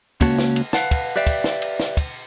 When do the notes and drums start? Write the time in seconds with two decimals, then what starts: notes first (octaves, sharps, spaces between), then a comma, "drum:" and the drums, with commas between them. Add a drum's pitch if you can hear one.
0.21 C#2 A#3 C#4 F#4 A5, drum: kick, cymbal
0.38 drum: snare
0.56 drum: cymbal
0.73 B4 F5 F#5 A5, drum: snare
0.91 drum: kick, cymbal
1.16 G4 B4 D5 E5 F5 G5
1.27 drum: kick, cymbal
1.44 drum: snare
1.62 drum: cymbal
1.79 drum: snare
1.97 drum: kick, cymbal